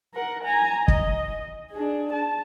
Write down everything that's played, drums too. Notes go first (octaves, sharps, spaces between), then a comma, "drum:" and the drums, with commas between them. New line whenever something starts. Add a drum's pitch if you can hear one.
A#4 F#5
G#5 A#5
D#5, drum: kick
D4 G#4
A5